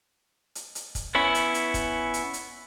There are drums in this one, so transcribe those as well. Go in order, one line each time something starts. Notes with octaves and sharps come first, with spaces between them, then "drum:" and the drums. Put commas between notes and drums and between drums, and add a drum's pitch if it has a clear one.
drum: hi-hat
drum: hi-hat
drum: kick, hi-hat
B3 C#4 E4
drum: hi-hat
drum: hi-hat
drum: kick, hi-hat
drum: hi-hat
drum: hi-hat